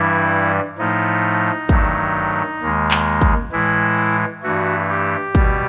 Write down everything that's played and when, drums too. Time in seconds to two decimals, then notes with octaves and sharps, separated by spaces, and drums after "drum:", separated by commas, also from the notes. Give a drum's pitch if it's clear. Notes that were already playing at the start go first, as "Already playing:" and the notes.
Already playing: G2 E3 G3 E4
0.78 A2 F3 A3 D#4
1.69 G2 D#3 F#3 A3, drum: kick
2.61 D#2 D#3 G#3
2.91 drum: clap
3.21 drum: kick
3.52 A2 E3 G#3 E4
4.43 G2 E3 A3 F#4
4.89 G4
5.35 B2 G3, drum: kick